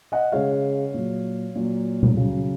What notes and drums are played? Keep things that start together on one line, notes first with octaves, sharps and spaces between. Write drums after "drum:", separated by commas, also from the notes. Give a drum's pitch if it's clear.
D#5 F#5
C#3 G#3 C#5 F5
A#2 F#3
A#2 F#3
drum: tom B2
C#3 F#3